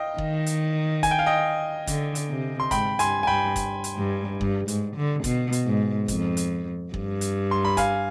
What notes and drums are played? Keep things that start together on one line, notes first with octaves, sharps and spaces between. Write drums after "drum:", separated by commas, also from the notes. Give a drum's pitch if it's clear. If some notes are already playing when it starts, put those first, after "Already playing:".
Already playing: D#5 F5 G5
D#3, drum: kick
drum: hi-hat
G#5, drum: kick, hi-hat
G5
F5
D#5 G5
D3, drum: kick, hi-hat
drum: hi-hat
C3
C6
G#2 G5 B5, drum: kick, hi-hat
G2 G#5 C6, drum: hi-hat
G#5
G2 G5 B5
drum: kick, hi-hat
drum: hi-hat
G2
G2, drum: kick
G#2, drum: hi-hat
D3
B2, drum: kick, hi-hat
drum: hi-hat
G#2
F2, drum: kick, hi-hat
drum: hi-hat
G2, drum: kick
drum: hi-hat
C6
B5
F5 G#5, drum: kick, hi-hat